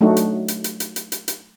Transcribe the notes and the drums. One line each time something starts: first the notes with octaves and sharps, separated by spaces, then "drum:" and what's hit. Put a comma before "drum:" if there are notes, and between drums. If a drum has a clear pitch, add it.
F#3 A3 D4 D#4 F#4
drum: hi-hat
drum: hi-hat
drum: hi-hat
drum: hi-hat
drum: hi-hat
drum: hi-hat
drum: hi-hat